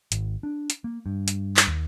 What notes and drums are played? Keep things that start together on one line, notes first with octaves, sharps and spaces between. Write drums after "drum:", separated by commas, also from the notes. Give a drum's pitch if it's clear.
G#1, drum: hi-hat
D4
drum: hi-hat
A#3
G2
drum: hi-hat
drum: clap
D#2